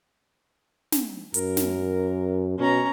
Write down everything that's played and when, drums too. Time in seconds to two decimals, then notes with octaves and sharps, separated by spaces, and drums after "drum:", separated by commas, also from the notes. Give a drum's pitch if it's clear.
0.92 drum: snare
1.34 F#2 A#4, drum: hi-hat
1.57 drum: snare
2.59 B2 C#4 A#5